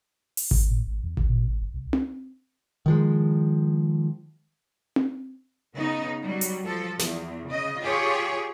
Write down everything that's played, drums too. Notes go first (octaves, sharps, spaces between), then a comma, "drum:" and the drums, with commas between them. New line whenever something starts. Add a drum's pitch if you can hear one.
drum: open hi-hat
drum: kick G#1
A2
G#1
E2
D2, drum: kick G#1
A#2
G#1
G1
C2
drum: tom C4
D#3 F3 G#3
drum: tom C4
C#3 B3 D#4
F#3 G3
drum: hi-hat
F3 A4
E2, drum: snare
C#3 D#5
F4 G4 G#4 C#5